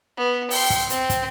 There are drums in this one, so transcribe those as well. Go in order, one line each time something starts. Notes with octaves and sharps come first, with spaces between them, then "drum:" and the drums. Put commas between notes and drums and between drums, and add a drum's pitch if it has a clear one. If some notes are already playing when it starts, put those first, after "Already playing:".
B3
G5 C6, drum: open hi-hat
drum: kick, hi-hat
C4, drum: hi-hat
drum: kick, hi-hat